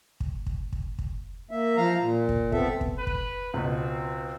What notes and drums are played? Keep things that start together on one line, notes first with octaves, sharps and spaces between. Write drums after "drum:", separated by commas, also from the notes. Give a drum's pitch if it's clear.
drum: kick
drum: kick
drum: kick
drum: kick
A#3 E5
F3 F5 A#5
A#2
drum: kick
B3 C4 A4 E5, drum: kick
drum: kick
B4
drum: kick
C#2 B2 C4